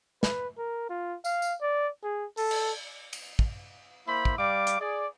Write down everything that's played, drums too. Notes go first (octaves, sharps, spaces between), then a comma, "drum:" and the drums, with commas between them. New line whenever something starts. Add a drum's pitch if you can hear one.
B4, drum: snare
A#4
F4
F5, drum: tambourine
drum: tambourine
D5
G#4
A4, drum: open hi-hat
drum: cymbal
drum: cymbal
drum: kick
A#3 E4 C5 B5
drum: kick
G3 D5 F5 D6
drum: hi-hat
G#4 D5